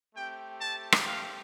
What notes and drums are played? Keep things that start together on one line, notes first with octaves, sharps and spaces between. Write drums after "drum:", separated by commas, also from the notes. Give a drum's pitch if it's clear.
A3 C4 G4 G5
A5
drum: rim click
F5